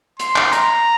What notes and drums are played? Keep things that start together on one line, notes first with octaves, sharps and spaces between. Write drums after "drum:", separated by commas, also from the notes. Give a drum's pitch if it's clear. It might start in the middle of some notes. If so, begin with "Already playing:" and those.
C6, drum: hi-hat
drum: clap
A#5, drum: hi-hat